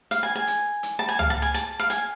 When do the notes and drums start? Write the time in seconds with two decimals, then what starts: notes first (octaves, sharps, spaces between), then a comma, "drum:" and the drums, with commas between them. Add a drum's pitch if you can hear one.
0.11 F5, drum: hi-hat
0.23 G#5
0.36 G#5
0.47 drum: hi-hat
0.83 drum: hi-hat
0.99 A5
1.09 G#5
1.19 F5, drum: tom C#2
1.30 A5
1.42 G#5
1.54 A5, drum: hi-hat
1.80 F5
1.90 G#5, drum: hi-hat